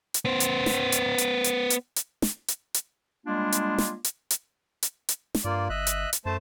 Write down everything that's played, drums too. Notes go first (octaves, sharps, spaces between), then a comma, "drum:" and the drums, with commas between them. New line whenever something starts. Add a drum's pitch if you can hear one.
drum: hi-hat
B3 C5
drum: hi-hat
drum: snare
drum: hi-hat
drum: hi-hat
drum: hi-hat
drum: hi-hat
drum: hi-hat
drum: snare
drum: hi-hat
drum: hi-hat
G3 G#3 A#3 D4 F4
drum: hi-hat
drum: snare
drum: hi-hat
drum: hi-hat
drum: hi-hat
drum: hi-hat
drum: snare
G2 A#3 F4 D5
G1 D#5 E5 F#6
drum: hi-hat
drum: hi-hat
F#2 A3 C5 A5